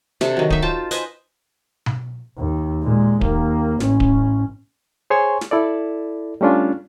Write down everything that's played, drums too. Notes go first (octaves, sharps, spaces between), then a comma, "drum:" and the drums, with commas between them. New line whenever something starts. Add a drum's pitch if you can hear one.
C3 D4 A4, drum: snare
D#3 F#3
D#4 E5, drum: kick D1
F4 C5 A5
B4 C5 D#5 G#5, drum: hi-hat
drum: tom B2
D#2
A#2 G#3
D#2 A#3, drum: kick D1
A1 C#4, drum: snare
drum: kick D1
G#4 C5 C#5 G#5 C6 C#6
drum: snare
E4 A4 D5
G3 A3 C#4 D4 F4